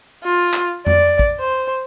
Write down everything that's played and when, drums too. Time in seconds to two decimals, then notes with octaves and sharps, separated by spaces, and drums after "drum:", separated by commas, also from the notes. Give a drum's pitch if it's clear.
0.24 F4
0.54 drum: clap
0.86 D5, drum: tom F2
1.19 drum: kick
1.40 C5